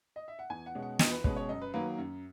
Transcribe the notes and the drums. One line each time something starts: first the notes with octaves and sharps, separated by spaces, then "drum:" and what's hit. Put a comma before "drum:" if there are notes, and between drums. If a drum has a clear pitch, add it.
D#5
E5
F#5
E2 G#5
F#5
B2 G#3 C#4
F#5
E2 D#5, drum: snare
B4
B2 G#3 C#4 B4, drum: kick
C#5
F#2 D#5
B4
D#3 F#3 A#3 B4
F#2